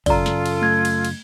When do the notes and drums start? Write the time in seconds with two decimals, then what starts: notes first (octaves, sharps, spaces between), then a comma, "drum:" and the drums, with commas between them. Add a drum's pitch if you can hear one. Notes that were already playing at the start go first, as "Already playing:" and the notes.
0.06 F#2 C#3 F4 A4 D5 A#5, drum: kick, cymbal
0.26 drum: snare
0.46 drum: cymbal
0.62 A3 G#6
0.85 drum: cymbal
1.05 drum: cymbal